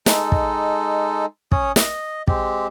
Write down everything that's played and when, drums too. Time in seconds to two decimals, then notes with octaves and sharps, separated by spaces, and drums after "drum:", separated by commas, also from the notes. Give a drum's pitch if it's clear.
0.06 G#3 D#4 A4, drum: snare
0.32 drum: kick
1.52 C#4 C#5 D#6, drum: kick
1.76 D#5, drum: snare
2.28 G#3 C4 G4, drum: kick